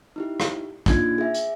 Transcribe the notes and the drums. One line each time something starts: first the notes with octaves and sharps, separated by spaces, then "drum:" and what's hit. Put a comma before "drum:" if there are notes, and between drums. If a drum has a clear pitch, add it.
D#4 E4 G4
drum: rim click
A#3 D4 D#4 F4 G#6, drum: kick, hi-hat
G#4 E5
drum: hi-hat